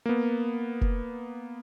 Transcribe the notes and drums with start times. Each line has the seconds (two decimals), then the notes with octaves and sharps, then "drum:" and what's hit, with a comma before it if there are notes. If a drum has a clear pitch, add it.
0.06 A#3 B3
0.81 drum: kick F1